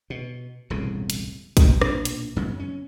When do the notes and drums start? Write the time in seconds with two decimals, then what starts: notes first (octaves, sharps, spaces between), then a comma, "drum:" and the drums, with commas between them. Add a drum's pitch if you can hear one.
0.10 B2
0.70 E1 C2 A2 C#3
1.10 drum: hi-hat
1.57 B1 F#2, drum: kick, hi-hat
1.81 B1 A#2 A#3 D4, drum: rim click
2.05 drum: hi-hat
2.36 F#2 C#3 F#3 B3
2.59 C#4